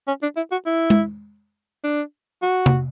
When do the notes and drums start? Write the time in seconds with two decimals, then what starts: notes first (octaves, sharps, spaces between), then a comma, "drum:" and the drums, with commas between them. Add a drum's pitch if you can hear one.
0.08 C#4
0.22 D4
0.36 E4
0.51 F#4
0.66 E4
0.90 drum: tom G#3
1.84 D4
2.42 F#4
2.66 drum: tom C3